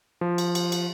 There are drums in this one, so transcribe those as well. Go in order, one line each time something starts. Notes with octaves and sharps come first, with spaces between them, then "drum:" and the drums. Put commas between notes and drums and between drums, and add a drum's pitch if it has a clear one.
F3
drum: cymbal
drum: cymbal
drum: cymbal